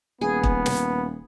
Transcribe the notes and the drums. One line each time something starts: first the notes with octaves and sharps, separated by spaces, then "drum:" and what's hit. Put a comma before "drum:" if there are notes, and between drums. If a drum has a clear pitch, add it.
D#1 B3 G#4
drum: kick
drum: snare